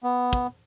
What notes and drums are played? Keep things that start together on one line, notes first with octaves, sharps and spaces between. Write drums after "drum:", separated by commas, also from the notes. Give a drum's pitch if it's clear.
B3
drum: kick